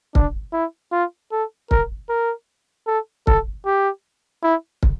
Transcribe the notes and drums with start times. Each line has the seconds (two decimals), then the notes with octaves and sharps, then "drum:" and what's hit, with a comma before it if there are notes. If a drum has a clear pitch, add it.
0.15 D4, drum: kick
0.53 E4
0.92 F4
1.32 A4
1.71 A#4, drum: kick
2.09 A#4
2.87 A4
3.27 A4, drum: kick
3.66 G4
4.43 E4
4.83 drum: kick